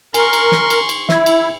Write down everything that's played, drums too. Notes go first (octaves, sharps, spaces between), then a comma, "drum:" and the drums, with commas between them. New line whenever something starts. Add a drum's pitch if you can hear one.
A#4 G#5 C6 C#6, drum: cymbal
drum: cymbal
drum: snare
drum: cymbal
drum: cymbal
E4 E5 G#6, drum: snare
drum: cymbal